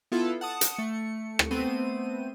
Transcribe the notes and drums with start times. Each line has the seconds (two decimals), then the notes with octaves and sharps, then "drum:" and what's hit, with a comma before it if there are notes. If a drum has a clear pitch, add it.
0.12 B3 E4 F4 A4
0.41 F#5 A5 D#6
0.61 drum: hi-hat
0.76 A3 C#7
1.39 drum: rim click
1.51 A3 B3 C4 C5 D#7